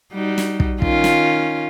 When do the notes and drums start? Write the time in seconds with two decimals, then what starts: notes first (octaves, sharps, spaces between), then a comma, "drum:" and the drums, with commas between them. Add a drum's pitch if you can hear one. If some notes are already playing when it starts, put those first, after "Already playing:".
0.12 G3 D#4 F#4
0.38 drum: snare
0.60 drum: kick
0.82 D#3 C#4 F4, drum: kick
1.04 drum: snare